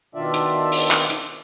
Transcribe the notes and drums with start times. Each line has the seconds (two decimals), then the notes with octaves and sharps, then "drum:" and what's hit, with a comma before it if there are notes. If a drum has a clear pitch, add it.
0.15 B2 D#3 D4 F4 D5 E5
0.34 drum: hi-hat
0.72 drum: open hi-hat
0.91 drum: clap
1.10 drum: hi-hat